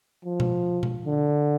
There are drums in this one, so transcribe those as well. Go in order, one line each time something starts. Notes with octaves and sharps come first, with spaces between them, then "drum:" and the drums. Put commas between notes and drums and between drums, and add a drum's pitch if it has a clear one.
F3
drum: tom B2
drum: tom B2
D3